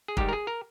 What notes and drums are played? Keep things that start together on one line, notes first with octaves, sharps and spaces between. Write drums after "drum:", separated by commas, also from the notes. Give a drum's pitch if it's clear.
G#4
G#2 D#3 G3 G4, drum: kick
A#4
G#4
A#4